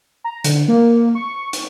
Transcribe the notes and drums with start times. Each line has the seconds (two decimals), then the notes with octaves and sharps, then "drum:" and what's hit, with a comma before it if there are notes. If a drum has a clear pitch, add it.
0.24 A#5
0.44 D3, drum: hi-hat
0.68 A#3
1.15 C#6
1.53 drum: hi-hat